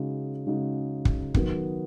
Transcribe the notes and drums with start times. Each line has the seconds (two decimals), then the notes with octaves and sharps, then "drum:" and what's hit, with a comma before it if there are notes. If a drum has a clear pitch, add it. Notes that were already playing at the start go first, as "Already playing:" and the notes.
Already playing: C#3 G#3 D#4 F#4
0.47 C#3 G#3 D#4 F#4
1.05 drum: kick
1.34 D#3 F#3 B3 F#4, drum: kick